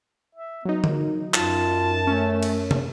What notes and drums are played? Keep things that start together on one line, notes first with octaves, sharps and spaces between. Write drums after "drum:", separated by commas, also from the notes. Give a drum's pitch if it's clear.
E5
F#3 B3 D#4
A#4, drum: tom D3
F#2 F4 A5, drum: clap
A3 C#4
drum: cymbal
drum: tom